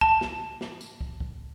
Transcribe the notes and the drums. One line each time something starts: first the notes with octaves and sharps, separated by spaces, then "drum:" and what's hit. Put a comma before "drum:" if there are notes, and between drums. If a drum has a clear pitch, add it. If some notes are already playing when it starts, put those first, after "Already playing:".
A5, drum: kick
drum: snare
drum: snare
drum: tambourine
drum: kick
drum: kick